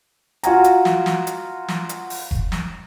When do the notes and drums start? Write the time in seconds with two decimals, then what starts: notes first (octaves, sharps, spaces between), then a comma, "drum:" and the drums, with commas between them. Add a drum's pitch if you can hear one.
0.43 F4 F#4 F#5 G#5 A#5, drum: hi-hat
0.64 drum: hi-hat
0.85 drum: snare
1.06 drum: snare
1.27 drum: hi-hat
1.68 drum: snare
1.89 drum: hi-hat
2.10 drum: open hi-hat
2.31 drum: kick F1
2.52 drum: snare